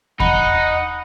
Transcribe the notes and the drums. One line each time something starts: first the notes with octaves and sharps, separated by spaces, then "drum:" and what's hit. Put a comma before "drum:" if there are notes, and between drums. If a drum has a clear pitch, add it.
D#4 F#5 B5, drum: kick E2